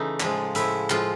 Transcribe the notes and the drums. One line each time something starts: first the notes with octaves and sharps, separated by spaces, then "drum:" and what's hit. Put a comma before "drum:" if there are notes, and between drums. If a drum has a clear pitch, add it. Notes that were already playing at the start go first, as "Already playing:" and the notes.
Already playing: C#3 E3 A3 D#4
A2 F3 G#3, drum: clap
A2 F3 G#3 E4, drum: hi-hat
A2 F3 G#3 F4, drum: clap